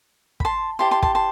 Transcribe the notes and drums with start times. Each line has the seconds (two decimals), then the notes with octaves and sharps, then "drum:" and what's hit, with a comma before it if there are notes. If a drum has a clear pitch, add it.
0.40 B5, drum: kick
0.45 A5 C6
0.79 E4 G4 C5 A5 C6
0.91 A5 C6
1.03 A5 C6, drum: kick
1.15 A5 C6